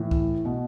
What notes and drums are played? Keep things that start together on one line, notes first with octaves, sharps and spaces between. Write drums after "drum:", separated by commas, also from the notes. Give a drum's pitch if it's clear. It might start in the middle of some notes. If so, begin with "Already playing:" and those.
Already playing: A2 E3
drum: kick C2
B2